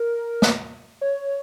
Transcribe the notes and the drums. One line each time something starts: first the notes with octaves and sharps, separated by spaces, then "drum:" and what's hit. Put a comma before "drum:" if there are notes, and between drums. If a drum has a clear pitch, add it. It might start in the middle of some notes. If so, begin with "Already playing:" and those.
Already playing: A#4
drum: snare
C#5